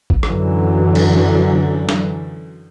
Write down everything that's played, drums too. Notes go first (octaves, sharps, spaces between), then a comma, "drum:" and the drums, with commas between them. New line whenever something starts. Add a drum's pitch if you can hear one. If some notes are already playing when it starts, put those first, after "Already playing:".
drum: kick A1
F#2 D3 E3 F#3, drum: rim click
drum: cymbal
drum: snare